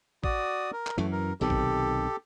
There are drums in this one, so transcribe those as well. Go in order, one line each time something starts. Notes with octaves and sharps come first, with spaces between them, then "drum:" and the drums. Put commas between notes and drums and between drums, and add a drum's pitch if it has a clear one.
F#4 D5 D#6, drum: kick
A#4
drum: clap
F#2 E3 A3
A#4
B1 C3 D#3 G4 A4
drum: kick